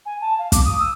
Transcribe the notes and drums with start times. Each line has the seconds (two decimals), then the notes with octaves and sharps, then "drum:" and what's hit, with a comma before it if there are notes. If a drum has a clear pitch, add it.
0.06 G#5
0.21 A5
0.38 F5
0.52 D6, drum: kick, hi-hat
0.65 D#6
0.80 E6